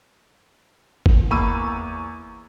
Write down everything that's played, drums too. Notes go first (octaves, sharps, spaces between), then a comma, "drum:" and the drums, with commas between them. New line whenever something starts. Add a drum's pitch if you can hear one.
drum: kick
E2 A#3 B5 C#6 E6 D#7